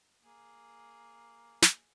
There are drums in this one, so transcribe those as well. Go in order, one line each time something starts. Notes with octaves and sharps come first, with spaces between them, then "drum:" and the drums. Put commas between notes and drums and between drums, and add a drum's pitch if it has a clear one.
A#3 G#4
drum: snare